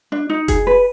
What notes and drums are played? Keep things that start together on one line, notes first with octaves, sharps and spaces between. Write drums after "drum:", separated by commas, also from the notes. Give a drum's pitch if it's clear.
D4
D#4
G#4, drum: kick F1, hi-hat
B4